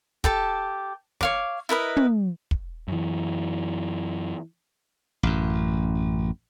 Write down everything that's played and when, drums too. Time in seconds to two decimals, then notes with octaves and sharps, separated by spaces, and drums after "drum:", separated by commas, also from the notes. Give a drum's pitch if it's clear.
0.24 G4 A4 A5, drum: kick
1.21 C#5 F5 D6, drum: snare
1.69 E4 A#4 B4 D#5
1.97 drum: tom
2.51 drum: kick
2.88 F#2 E3
5.23 A1 F#2